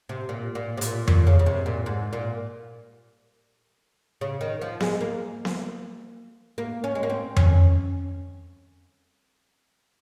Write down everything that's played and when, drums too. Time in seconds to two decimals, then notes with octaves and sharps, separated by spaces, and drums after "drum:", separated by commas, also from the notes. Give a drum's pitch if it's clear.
0.09 C3
0.29 A#2
0.55 A#2
0.77 C3
0.81 A#2, drum: hi-hat
1.08 A#2, drum: tom F2
1.27 C#3
1.39 C#3
1.46 C3
1.66 A#2
1.86 G#2
2.13 A#2
4.21 C#3
4.41 D#3
4.61 F3
4.80 G#3, drum: snare B3
5.01 A#3
5.45 drum: snare B3
6.58 A#3
6.84 C#4
6.95 G#3
7.03 A#3
7.10 C4
7.37 C#4, drum: tom F2